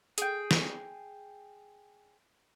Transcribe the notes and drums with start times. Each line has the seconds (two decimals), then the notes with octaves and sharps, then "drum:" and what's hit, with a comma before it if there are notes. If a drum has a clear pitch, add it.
0.18 G#4 G5, drum: hi-hat
0.51 drum: snare